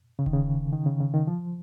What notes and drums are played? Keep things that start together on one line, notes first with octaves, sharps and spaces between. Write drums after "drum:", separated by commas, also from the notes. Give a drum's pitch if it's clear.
C#3
D#3, drum: kick D#1
C#3
D#3
C#3
C#3
D#3
F3